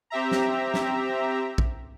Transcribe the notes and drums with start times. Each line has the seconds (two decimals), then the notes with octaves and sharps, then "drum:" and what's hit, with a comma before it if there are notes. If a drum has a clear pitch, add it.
0.10 C4 G4 E5 A#5
0.31 drum: snare
0.74 drum: snare
1.58 drum: kick A#1